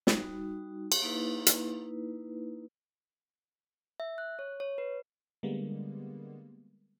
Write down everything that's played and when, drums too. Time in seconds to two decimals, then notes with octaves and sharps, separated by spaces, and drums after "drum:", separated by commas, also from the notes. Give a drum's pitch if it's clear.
0.07 G3 D#4 F#4, drum: snare
0.92 drum: cymbal
1.02 A#3 D#4 E4 B4
1.47 drum: hi-hat
4.00 E5
4.18 F#6
4.39 C#5
4.60 C#5
4.78 B4
5.43 D3 G3 G#3 A#3 B3